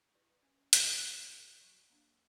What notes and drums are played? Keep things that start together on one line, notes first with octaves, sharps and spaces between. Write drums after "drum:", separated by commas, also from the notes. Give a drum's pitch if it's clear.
E4 G4 B4 D5
C#4
F#4 A#4, drum: hi-hat
C#4
F#4 A#4
F#3
A#3 D4